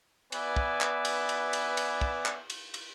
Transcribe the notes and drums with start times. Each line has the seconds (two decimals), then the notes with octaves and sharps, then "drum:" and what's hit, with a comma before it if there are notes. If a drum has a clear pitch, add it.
0.32 B3 B4 D5 E5 G#5, drum: cymbal
0.56 drum: kick
0.81 drum: clap
1.05 drum: cymbal
1.29 drum: cymbal
1.53 drum: cymbal
1.77 drum: cymbal
2.01 drum: kick
2.26 drum: clap
2.50 drum: cymbal
2.74 drum: cymbal